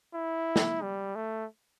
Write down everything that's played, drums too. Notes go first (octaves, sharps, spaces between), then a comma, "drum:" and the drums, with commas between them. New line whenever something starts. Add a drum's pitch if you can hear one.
E4
drum: snare
G3
A3